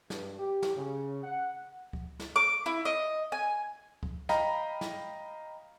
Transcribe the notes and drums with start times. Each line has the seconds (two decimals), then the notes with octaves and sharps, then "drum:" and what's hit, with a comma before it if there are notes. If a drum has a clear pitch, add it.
0.10 G2, drum: snare
0.39 G4
0.62 drum: snare
0.76 C#3
1.24 F#5
1.93 drum: kick C#2
2.20 drum: snare
2.36 D6
2.66 E4
2.85 D#5
3.32 G#5
4.03 drum: kick C#2
4.29 D#5 F5 G5 A#5 B5, drum: snare
4.81 drum: snare